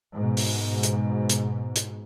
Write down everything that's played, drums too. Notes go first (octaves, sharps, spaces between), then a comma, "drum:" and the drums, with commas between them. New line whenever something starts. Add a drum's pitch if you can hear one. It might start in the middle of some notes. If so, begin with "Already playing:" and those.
G#2 B2
drum: open hi-hat
drum: hi-hat
drum: hi-hat
drum: hi-hat